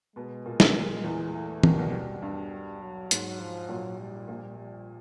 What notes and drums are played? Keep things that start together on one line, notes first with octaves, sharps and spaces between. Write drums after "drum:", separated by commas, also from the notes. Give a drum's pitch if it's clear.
B2 G#3 B3
A#2 A#3
A#3, drum: snare
B3
A#2 G#3 A#3
E2 E3
A3
D#2 D#3 G3, drum: tom
B1 B2
G2
F#3
G#2, drum: hi-hat
F3
A#1 A#2 F#3
G3
A#1 A#2
G3